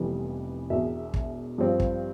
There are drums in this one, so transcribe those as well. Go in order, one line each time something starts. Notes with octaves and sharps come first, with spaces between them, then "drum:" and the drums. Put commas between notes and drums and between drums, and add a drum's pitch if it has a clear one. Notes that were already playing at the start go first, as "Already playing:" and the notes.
Already playing: F1 F2 E3 G3 B3
E1 E2 B2 E5
drum: kick
G2 F3 C4
drum: kick